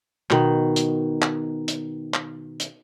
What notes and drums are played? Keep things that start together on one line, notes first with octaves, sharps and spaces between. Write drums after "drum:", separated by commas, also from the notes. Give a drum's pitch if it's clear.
B2 D#3, drum: clap
drum: hi-hat
drum: clap
drum: hi-hat
drum: clap
drum: hi-hat